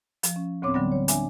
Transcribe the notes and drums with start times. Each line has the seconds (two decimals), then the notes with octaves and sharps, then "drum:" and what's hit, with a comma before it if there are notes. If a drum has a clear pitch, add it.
0.23 F3, drum: hi-hat
0.36 C#4
0.62 D2 A2 B3 C4 C#5 D6
0.75 D3 F#3 G3 B3
0.92 C#5
1.08 D4 E5 G#5, drum: hi-hat